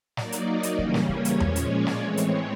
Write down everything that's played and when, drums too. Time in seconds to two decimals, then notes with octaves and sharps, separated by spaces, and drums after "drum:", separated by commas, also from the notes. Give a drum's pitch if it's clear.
0.17 F#3 A#3 D#4 D5, drum: snare
0.32 drum: hi-hat
0.47 D#5
0.63 drum: hi-hat
0.78 C#3 E3 G3 A#3 C#4, drum: kick
0.94 drum: snare
1.09 C#5, drum: kick
1.25 drum: hi-hat
1.40 A#2 F3 G#3 C#4 C#5, drum: tom E2
1.56 drum: hi-hat
1.71 D5
1.87 drum: snare
2.01 A2 E3 G#3 C4 C#5
2.17 drum: hi-hat